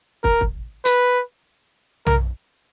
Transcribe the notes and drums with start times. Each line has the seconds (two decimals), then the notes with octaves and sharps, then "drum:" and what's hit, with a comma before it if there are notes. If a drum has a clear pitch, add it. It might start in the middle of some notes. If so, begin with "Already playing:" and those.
0.24 A#4, drum: kick
0.41 drum: kick
0.85 B4, drum: hi-hat
2.06 A#4, drum: tom